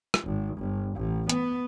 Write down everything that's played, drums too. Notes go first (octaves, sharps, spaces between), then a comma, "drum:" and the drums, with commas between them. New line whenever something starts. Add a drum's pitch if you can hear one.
drum: rim click
G#1
G1
A1
B3, drum: hi-hat